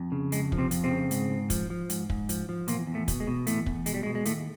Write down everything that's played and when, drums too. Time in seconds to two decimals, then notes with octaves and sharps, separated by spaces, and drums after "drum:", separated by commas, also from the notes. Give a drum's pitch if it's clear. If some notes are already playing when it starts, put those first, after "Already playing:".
Already playing: F2
0.12 C#3
0.32 F2 G#3, drum: hi-hat
0.52 F3, drum: kick
0.58 C3 C4
0.71 F2, drum: hi-hat
0.84 C3 C4
0.91 C#3
1.11 G#2, drum: hi-hat
1.30 G#2
1.50 F3, drum: kick, hi-hat
1.70 F3
1.90 G#2, drum: hi-hat
2.10 G#2, drum: kick
2.29 F3, drum: hi-hat
2.49 F3
2.68 E2 A#2 A#3, drum: hi-hat
2.87 E2
2.94 A2 A3
3.08 B2, drum: kick, hi-hat
3.20 G#3
3.27 B2
3.47 E2 A2 A3, drum: hi-hat
3.66 E2, drum: kick
3.86 B2 G#3, drum: hi-hat
3.94 G3
4.03 G#3
4.06 B2
4.15 G#3
4.25 D#2 A2 A3, drum: hi-hat